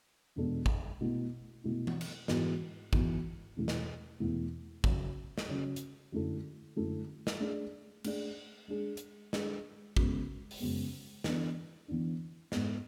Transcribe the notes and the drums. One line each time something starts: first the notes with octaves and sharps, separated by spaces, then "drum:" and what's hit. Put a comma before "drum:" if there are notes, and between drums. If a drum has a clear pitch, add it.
E2 B2 G#3 D4 A4
drum: kick
B2 A3 E4
B2 A3 E4
drum: tom
drum: cymbal
G#2 E3 G#3 B3 F#4, drum: snare
G#2 E3 G#3 B3 F#4, drum: kick
E2 B2 A3 E4
drum: snare
E2 B2 A3 E4
C#3 F#3 C#4, drum: kick
drum: snare
C#3 F#3 C#4
drum: hi-hat
F#2 D3 A3 E4 A4
F#2 D3 A3 E4 A4
drum: snare
A3 D4 G#4 D5
A3 D4 G#4 D5, drum: cymbal
G#3 D4 G#4
drum: hi-hat
G#3 D4 G#4, drum: snare
F#2 C#3 G#3 B3, drum: kick
drum: open hi-hat
F#2 C#3 G#3 B3
E3 B3 D4, drum: snare
E3 B3 D4
G#2 G#3 B3, drum: snare